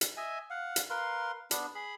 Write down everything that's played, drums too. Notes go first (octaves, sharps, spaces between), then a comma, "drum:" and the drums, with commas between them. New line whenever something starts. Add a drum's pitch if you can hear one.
drum: hi-hat
D#5 E5 G#5
F5 F#5
drum: hi-hat
A#4 B4 F5 C6
B3 D4, drum: hi-hat
G#4 B5